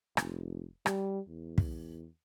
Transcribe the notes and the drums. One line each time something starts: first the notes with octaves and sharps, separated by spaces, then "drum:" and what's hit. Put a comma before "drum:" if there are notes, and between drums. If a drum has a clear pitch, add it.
F1, drum: rim click
G3, drum: rim click
E2
drum: kick